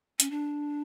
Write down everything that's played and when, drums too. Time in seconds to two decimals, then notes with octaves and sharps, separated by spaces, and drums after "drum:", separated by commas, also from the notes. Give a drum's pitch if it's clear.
0.20 C#4, drum: hi-hat
0.31 D4